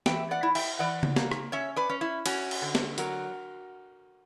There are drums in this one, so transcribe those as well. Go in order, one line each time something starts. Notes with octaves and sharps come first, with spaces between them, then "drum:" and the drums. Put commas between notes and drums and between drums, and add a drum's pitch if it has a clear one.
E3 E5 G5, drum: snare
D5 F#5
E4
E5 G5, drum: cymbal
E3 D5 F#5
drum: tom C#3
A#3, drum: snare
drum: rim click
C#4 C#5 E5
B4 D5
C#4
E4
C#4 F#4, drum: cymbal
drum: cymbal
D3
drum: snare
F#3 F#4 A#4, drum: hi-hat